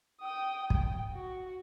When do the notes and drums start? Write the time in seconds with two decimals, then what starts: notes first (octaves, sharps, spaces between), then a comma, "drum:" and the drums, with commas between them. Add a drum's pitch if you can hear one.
0.21 G5 D#6
0.70 G5, drum: kick
1.13 F#4